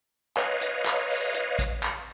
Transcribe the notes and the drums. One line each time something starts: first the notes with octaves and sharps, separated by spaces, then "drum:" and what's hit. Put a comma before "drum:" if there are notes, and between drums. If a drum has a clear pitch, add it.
B4 C#5 D#5 F5, drum: clap
drum: hi-hat
drum: clap
drum: open hi-hat
drum: hi-hat
drum: kick A1, hi-hat
drum: clap